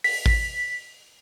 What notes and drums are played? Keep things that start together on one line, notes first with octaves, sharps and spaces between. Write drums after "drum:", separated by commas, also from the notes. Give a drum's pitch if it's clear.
B6, drum: open hi-hat
drum: kick A1